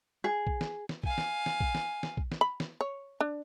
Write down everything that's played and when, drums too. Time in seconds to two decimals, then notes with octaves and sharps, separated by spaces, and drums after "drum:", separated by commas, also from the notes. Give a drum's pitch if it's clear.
0.24 G#4
0.47 drum: kick A#1
0.61 drum: snare
0.89 drum: snare
1.04 F5 G#5, drum: kick A#1
1.18 drum: snare
1.46 drum: snare
1.60 drum: kick A#1
1.75 drum: snare
2.03 drum: snare
2.17 drum: kick A#1
2.32 drum: snare
2.41 B5
2.60 drum: snare
2.81 C#5
3.20 D4